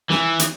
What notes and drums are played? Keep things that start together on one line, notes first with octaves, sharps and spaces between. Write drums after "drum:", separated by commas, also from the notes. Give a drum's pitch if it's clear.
E3, drum: snare
drum: hi-hat